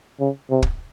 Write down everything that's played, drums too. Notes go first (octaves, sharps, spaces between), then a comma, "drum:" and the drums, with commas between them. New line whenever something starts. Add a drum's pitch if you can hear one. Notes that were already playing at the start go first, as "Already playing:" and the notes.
C#3
C3
drum: kick